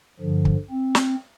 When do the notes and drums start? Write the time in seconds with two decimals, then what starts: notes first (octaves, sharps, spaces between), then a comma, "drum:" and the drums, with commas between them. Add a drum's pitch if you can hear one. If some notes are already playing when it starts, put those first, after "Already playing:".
0.20 G2 D3 F3
0.45 drum: kick
0.70 C4
0.95 drum: snare